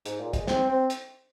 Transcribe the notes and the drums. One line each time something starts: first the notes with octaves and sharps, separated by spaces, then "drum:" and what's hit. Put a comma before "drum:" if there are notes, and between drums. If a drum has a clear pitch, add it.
G#2, drum: hi-hat
A#2
G#3, drum: kick, hi-hat
C4, drum: snare
C4
drum: hi-hat